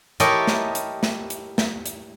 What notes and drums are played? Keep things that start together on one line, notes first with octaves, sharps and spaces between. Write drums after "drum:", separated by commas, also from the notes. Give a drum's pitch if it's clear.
E4 G4 A4 A#4 C#5 D#5, drum: hi-hat
drum: snare
drum: hi-hat
drum: snare
drum: hi-hat
drum: snare
drum: hi-hat